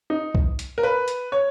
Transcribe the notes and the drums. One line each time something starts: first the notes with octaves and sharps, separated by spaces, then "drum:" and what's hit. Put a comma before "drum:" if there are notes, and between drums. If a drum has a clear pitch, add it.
D#4
drum: kick C2
drum: hi-hat
A#4
B4
drum: hi-hat
C#5